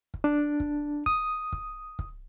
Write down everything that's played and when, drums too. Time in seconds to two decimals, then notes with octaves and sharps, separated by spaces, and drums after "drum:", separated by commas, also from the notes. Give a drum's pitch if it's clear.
0.14 drum: kick
0.24 D4
0.60 drum: kick
1.06 D#6, drum: kick
1.52 drum: kick
1.99 drum: kick